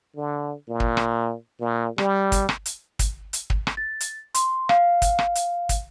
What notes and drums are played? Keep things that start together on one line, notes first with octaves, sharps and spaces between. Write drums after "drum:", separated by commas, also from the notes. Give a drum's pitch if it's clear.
D3
A#2
drum: kick
drum: rim click
A#2
G3, drum: rim click
drum: kick, hi-hat
drum: rim click
drum: hi-hat
drum: kick, hi-hat
drum: hi-hat
drum: kick
drum: rim click
A6
drum: hi-hat
C6, drum: hi-hat
F5, drum: rim click
drum: kick, hi-hat
drum: rim click
drum: hi-hat
drum: kick, hi-hat